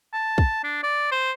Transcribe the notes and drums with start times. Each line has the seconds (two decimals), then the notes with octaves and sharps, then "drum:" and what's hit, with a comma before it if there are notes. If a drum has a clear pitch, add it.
0.13 A5
0.38 drum: kick
0.64 D4
0.83 D5
1.11 C5